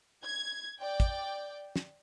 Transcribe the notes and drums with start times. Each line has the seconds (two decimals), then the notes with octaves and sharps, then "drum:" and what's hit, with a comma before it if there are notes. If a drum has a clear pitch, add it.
0.24 G#6
0.80 D5 G5
1.00 drum: kick, hi-hat
1.76 drum: snare